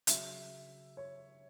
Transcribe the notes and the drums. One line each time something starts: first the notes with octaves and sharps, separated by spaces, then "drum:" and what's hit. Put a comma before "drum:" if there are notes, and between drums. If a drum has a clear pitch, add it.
C#3 F#3 E5, drum: hi-hat
C#5